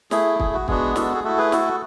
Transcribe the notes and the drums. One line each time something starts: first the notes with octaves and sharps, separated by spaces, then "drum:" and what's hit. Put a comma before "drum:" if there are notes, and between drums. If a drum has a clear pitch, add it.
A3 E4 G#4, drum: snare
G#4, drum: kick
F#4
G#3 B3 D4 F#4 G#4, drum: kick
F#4 A4, drum: snare
G#4
A3 E4 F#4 A4
G#4 B4
F#4 A4, drum: snare